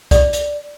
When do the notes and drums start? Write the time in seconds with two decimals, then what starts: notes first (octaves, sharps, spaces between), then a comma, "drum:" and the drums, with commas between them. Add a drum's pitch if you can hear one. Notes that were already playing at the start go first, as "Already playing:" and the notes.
0.11 D5, drum: kick, hi-hat
0.33 drum: hi-hat